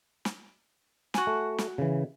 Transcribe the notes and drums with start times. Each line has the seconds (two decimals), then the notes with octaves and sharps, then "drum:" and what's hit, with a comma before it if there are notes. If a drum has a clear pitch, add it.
0.25 drum: snare
1.14 F#4 G#5, drum: snare
1.27 A3
1.58 drum: snare
1.78 C#3 E3